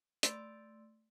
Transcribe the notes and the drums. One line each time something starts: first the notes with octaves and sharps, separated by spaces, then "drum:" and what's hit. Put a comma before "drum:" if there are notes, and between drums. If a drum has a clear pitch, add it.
A3 D5 C6 E6 A6 D7, drum: hi-hat